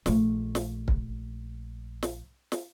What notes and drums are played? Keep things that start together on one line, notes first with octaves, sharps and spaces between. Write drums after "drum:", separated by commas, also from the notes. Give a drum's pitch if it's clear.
A#1 A3, drum: snare
drum: snare
drum: kick
drum: snare
drum: snare